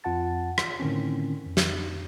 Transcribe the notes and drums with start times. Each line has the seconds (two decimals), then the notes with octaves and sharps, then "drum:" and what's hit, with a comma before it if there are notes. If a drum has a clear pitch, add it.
0.04 F2 F4 F#5 A5 A6
0.58 drum: rim click
0.80 A2 D3 D#3 C4 C#4
1.46 F2
1.57 drum: snare